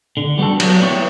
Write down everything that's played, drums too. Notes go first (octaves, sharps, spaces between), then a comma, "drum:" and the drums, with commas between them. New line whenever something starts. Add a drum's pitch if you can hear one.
D3
G3 B3 F#4 A4
F#3, drum: cymbal
B3 E4 G4 C#5